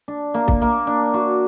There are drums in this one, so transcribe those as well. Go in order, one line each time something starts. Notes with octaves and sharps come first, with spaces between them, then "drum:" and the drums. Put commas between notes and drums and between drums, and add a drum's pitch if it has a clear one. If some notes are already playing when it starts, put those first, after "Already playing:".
D4
A#3
drum: kick
A#3
D4
F#4